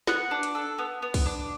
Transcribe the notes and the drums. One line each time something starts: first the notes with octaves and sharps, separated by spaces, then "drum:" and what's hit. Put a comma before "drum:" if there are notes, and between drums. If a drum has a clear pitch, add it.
B3 F#5, drum: snare
D4
drum: hi-hat
A4
B3
B3
drum: kick, open hi-hat
D4